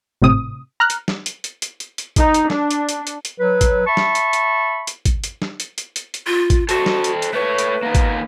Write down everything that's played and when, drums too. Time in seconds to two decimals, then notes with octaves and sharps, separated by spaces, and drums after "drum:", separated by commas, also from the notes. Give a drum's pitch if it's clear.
0.22 G#1 A2 C3 D#6
0.80 A#5 F6 F#6
0.90 drum: hi-hat
1.08 drum: snare
1.26 drum: hi-hat
1.44 drum: hi-hat
1.62 drum: hi-hat
1.80 drum: hi-hat
1.98 drum: hi-hat
2.16 D#4, drum: kick, hi-hat
2.34 drum: hi-hat
2.50 D4, drum: snare
2.71 drum: hi-hat
2.89 drum: hi-hat
3.07 drum: hi-hat
3.25 drum: hi-hat
3.38 F#3 B4
3.61 drum: kick, hi-hat
3.86 E5 A5 B5 C#6
3.97 drum: snare
4.15 drum: hi-hat
4.33 drum: hi-hat
4.87 drum: hi-hat
5.05 drum: kick, hi-hat
5.24 drum: hi-hat
5.42 drum: snare
5.60 drum: hi-hat
5.78 drum: hi-hat
5.96 drum: hi-hat
6.14 drum: hi-hat
6.27 F4
6.50 drum: kick, hi-hat
6.69 F#4 A4 C5, drum: hi-hat
6.86 drum: snare
7.04 drum: hi-hat
7.22 drum: hi-hat
7.33 A3 B4 C#5
7.58 drum: hi-hat
7.83 A#3 B3 D#4
7.95 drum: kick, hi-hat